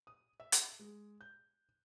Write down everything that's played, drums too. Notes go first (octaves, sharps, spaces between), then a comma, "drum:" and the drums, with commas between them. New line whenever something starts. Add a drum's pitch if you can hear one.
D#6
E5
drum: hi-hat
G#3
G6